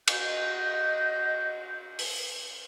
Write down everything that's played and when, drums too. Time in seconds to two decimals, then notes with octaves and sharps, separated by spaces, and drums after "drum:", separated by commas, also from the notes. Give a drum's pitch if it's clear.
0.08 F#4 D#5 G6, drum: cymbal
1.99 drum: open hi-hat